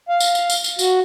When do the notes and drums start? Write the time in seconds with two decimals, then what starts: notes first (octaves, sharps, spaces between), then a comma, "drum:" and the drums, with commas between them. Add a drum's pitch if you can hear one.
0.09 F5
0.20 drum: tambourine
0.35 drum: tambourine
0.50 drum: tambourine
0.64 drum: tambourine
0.79 F#4, drum: tambourine